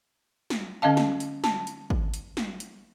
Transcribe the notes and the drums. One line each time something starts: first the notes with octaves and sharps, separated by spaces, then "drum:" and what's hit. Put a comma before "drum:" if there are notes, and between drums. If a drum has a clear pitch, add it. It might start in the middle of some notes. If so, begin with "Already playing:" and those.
drum: snare
D3 C#4 D#5 F5 A5
drum: snare
drum: hi-hat
A5, drum: snare
drum: hi-hat
drum: kick
drum: hi-hat
drum: snare
drum: hi-hat